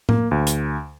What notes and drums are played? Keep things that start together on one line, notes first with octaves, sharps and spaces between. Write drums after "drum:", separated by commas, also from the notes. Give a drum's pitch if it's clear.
A#3, drum: tom A2
D2
drum: hi-hat